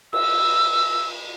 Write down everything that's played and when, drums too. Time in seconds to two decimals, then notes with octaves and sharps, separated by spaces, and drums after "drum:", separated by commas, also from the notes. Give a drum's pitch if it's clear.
0.13 E6, drum: cymbal